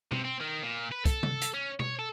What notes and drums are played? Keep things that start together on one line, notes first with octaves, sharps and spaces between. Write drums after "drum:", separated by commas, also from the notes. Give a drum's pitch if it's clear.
C3, drum: tom B2
C4
D#3
A#2
B4
A4, drum: kick, hi-hat
drum: tom C3
drum: hi-hat
C#4
C#5, drum: tom B2
A4